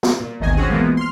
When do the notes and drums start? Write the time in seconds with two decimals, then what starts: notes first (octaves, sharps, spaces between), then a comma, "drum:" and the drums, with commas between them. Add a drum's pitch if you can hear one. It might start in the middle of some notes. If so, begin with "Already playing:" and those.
0.03 drum: snare
0.20 A#2
0.40 G#1 D2 B2 D#3 D#5 G#5
0.57 C4 C#4 F#4 G#4
0.69 E3 F3 G#3 A#3 B3
0.97 C6 F6